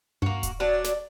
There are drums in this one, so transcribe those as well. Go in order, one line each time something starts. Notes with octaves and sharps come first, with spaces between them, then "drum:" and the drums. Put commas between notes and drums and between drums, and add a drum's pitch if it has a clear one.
G2 A#3 F#4
drum: kick D#1, hi-hat
F#3 D4 D5
drum: snare